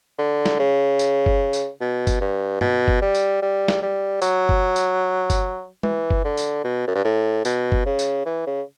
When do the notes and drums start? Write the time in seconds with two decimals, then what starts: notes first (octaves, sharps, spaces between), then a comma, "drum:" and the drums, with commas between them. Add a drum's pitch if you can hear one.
0.18 D3
0.46 drum: snare
0.59 C#3
0.99 drum: tambourine
1.26 drum: kick F#1
1.53 drum: tambourine
1.81 B2
2.07 drum: kick F#1, tambourine
2.21 G2
2.61 B2, drum: tom
2.88 drum: kick F#1
3.02 G3
3.15 drum: tambourine
3.42 G3
3.68 drum: snare
3.82 G3
4.22 F#3, drum: tambourine
4.49 drum: kick F#1
4.76 drum: tambourine
5.30 drum: kick F#1, tambourine
5.83 E3, drum: tom
6.10 drum: kick F#1
6.25 D3
6.37 drum: tambourine
6.64 B2
6.87 F#2
6.95 G2
7.05 A2
7.45 B2, drum: tambourine
7.72 drum: kick F#1
7.86 C#3
7.99 drum: tambourine
8.26 E3
8.46 C#3